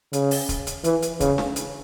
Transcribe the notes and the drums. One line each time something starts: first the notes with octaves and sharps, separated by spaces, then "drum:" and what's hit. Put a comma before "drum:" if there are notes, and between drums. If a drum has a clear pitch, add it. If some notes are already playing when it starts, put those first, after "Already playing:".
C#3, drum: hi-hat
drum: open hi-hat
drum: kick, hi-hat
drum: hi-hat
E3, drum: hi-hat
drum: hi-hat
C#3, drum: kick, hi-hat
drum: snare D4
drum: hi-hat